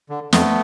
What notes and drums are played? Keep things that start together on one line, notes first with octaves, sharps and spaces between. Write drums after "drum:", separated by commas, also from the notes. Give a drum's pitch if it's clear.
D3
F2 A3 B3, drum: snare